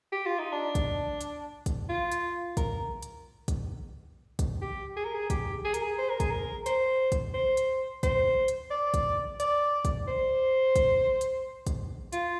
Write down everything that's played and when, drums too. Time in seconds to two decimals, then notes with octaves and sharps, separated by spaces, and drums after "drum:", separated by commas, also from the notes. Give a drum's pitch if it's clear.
0.12 G4
0.26 F4
0.39 D#4
0.53 D4
0.75 drum: kick, hi-hat
1.21 drum: hi-hat
1.66 drum: kick, hi-hat
1.89 F4
2.12 drum: hi-hat
2.57 A#4, drum: kick, hi-hat
3.03 drum: hi-hat
3.48 drum: kick, hi-hat
4.39 drum: kick, hi-hat
4.61 G4
4.96 G#4
5.05 A#4
5.14 G#4
5.30 G4, drum: kick, hi-hat
5.65 G#4
5.74 A#4, drum: hi-hat
5.83 G#4
5.98 C5
6.09 A#4
6.20 G#4, drum: kick, hi-hat
6.31 A#4
6.66 C5, drum: hi-hat
7.12 drum: kick, hi-hat
7.34 C5
7.57 drum: hi-hat
8.03 C5, drum: kick, hi-hat
8.48 drum: hi-hat
8.70 D5
8.94 drum: kick, hi-hat
9.40 D5, drum: hi-hat
9.85 drum: kick, hi-hat
10.08 C5
10.76 drum: kick, hi-hat
11.21 drum: hi-hat
11.67 drum: kick, hi-hat
12.13 F4, drum: hi-hat